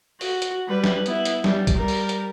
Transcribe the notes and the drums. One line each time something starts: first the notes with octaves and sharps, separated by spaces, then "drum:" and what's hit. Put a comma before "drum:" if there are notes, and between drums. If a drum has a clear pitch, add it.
F#4, drum: open hi-hat
drum: hi-hat
G3 B4
drum: snare
B3 E4, drum: hi-hat
drum: hi-hat
G3, drum: snare
drum: kick, hi-hat
G3 A#4
drum: open hi-hat
drum: hi-hat